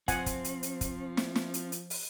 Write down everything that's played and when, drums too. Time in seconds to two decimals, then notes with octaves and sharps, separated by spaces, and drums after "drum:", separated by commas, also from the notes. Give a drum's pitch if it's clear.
0.08 F3 C4 F#5 G#5, drum: kick, hi-hat
0.26 drum: kick, hi-hat
0.44 drum: hi-hat
0.63 drum: hi-hat
0.81 drum: kick, hi-hat
1.17 drum: snare
1.36 drum: snare
1.54 drum: hi-hat
1.72 drum: hi-hat
1.90 drum: open hi-hat